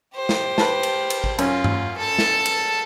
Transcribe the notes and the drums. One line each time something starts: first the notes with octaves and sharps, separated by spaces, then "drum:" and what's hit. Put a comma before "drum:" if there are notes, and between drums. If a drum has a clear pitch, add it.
G4 C5
drum: snare
B4 A5, drum: snare
drum: cymbal
drum: cymbal
drum: kick G#1
F#2 C#4 F4, drum: cymbal
drum: tom G2
A4 A5
drum: snare
drum: cymbal